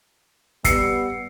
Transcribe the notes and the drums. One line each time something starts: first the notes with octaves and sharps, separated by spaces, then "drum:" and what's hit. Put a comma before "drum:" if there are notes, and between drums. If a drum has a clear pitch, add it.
G3 B3 E6 C7 C#7, drum: kick, hi-hat